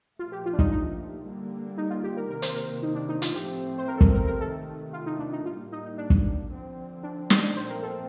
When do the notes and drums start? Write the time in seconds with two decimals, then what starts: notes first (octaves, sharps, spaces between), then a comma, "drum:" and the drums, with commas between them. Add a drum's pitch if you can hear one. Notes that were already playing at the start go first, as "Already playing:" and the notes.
0.19 A#2 F3 A3 F4
0.32 G4
0.46 F4
0.53 D4
0.59 D#4, drum: kick
0.72 D#4
1.25 D3 G3 A#3
1.78 D#4
1.90 F4
2.04 G4
2.17 A#4
2.30 C3 D#3 A#3 A#4
2.42 C5, drum: hi-hat
2.55 A#4
2.83 D#4
2.95 D4
3.09 D#4
3.22 F4, drum: hi-hat
3.35 A2 F3 A3 C4 G4
3.78 C5
3.88 A#4
3.97 A4
4.01 A#4, drum: kick
4.14 A#4
4.27 A#4
4.40 C3 D#3 A3 A4
4.93 F4
5.06 D#4
5.19 D4
5.33 D#4
5.45 A2 G3 A#3 F4
5.72 D#4
5.85 D#4
5.98 D4
6.10 drum: kick
6.51 D3 F3 C4
7.03 D4
7.30 D#4, drum: snare
7.43 D4
7.56 A#2 F3 A3 C4 C5
7.70 A#4
7.83 A4